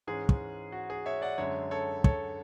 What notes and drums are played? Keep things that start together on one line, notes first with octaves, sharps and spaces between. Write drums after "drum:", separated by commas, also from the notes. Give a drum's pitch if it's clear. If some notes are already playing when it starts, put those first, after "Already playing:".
G#2 E3 G#3 C#4 G#4
drum: kick
F#4
G#4
C#5 E5
D5 F#5
F#2 D3 G#3 C#5 E5
A4 C#5
A4 C#5, drum: kick